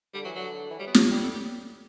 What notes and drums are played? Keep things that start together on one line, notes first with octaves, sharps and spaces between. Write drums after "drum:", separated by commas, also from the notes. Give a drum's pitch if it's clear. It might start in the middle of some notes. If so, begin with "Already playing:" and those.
D3 G3
E3 F#3
D3 F#3
E3
F#3 G3
B3
D4, drum: snare
G3 G4
A4
G4